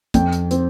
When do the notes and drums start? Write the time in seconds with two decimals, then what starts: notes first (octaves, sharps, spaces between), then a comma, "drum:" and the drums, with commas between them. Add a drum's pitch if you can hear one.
0.14 F2 G5, drum: kick, hi-hat
0.33 drum: hi-hat
0.51 C4, drum: hi-hat